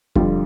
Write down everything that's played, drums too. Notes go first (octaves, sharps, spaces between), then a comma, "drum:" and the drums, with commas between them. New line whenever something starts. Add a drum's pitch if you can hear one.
F2 D3 G3 F4, drum: kick